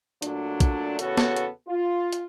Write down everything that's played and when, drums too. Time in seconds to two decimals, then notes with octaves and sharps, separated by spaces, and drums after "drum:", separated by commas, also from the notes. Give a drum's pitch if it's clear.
0.22 A#2 F#3 A3 D4, drum: hi-hat
0.60 drum: kick, hi-hat
0.99 E2 C#3 B3 F#4 A4 C#5, drum: hi-hat
1.17 drum: snare
1.36 drum: hi-hat
1.67 F4
2.13 drum: hi-hat